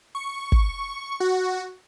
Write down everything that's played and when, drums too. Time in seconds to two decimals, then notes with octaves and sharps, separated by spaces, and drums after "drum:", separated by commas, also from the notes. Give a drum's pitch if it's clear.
0.15 C#6
0.52 drum: kick
1.20 F#4